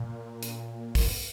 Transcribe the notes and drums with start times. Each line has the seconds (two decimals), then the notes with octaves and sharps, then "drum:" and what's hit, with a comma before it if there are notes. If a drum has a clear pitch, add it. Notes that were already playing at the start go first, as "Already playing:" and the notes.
Already playing: A#2
0.43 drum: hi-hat
0.95 drum: kick, open hi-hat